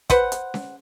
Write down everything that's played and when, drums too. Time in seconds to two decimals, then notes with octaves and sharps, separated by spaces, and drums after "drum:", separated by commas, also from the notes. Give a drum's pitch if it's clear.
0.10 B4 C5 F#5, drum: kick, hi-hat
0.32 drum: hi-hat
0.54 drum: snare C#4